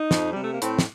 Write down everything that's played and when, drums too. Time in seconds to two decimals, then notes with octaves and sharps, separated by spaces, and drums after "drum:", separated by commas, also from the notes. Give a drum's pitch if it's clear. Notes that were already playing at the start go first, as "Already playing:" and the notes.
Already playing: D#4
0.11 F2, drum: snare
0.31 G3
0.36 C3
0.42 A3
0.52 A#3
0.62 A2 C4, drum: hi-hat
0.79 drum: snare